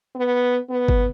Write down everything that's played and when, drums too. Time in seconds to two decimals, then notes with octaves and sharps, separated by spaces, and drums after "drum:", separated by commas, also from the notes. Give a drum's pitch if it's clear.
0.15 B3
0.69 B3
0.88 drum: kick G#1